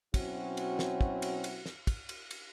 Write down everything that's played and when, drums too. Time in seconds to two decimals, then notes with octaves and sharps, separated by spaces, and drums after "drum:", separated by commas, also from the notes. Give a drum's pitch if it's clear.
0.14 B2 F#3 C4 C#4 E4 F#4, drum: kick, cymbal
0.57 drum: cymbal
0.79 drum: snare
1.01 drum: kick
1.22 drum: cymbal
1.44 drum: cymbal
1.66 drum: snare
1.87 drum: kick, cymbal
2.09 drum: cymbal
2.31 drum: cymbal